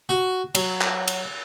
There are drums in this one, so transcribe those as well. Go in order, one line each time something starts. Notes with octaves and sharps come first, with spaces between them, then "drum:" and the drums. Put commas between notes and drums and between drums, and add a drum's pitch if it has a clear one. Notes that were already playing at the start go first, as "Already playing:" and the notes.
F#4
F#3, drum: cymbal
drum: clap
drum: cymbal